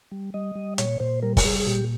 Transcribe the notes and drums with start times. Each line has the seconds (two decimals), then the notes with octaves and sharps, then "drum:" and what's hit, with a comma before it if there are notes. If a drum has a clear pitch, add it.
0.11 G3
0.34 G3 D#5
0.55 G3
0.78 A#2 C#5, drum: hi-hat
1.00 A#2 C5
1.23 G3 A#4
1.37 A#4, drum: kick, open hi-hat
1.44 G3 G#4
1.60 G#4
1.67 A#2 G4